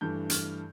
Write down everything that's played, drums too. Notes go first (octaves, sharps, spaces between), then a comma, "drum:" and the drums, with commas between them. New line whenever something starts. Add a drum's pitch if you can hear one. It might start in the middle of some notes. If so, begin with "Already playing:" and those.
G2 E3 A3 G6
F6, drum: hi-hat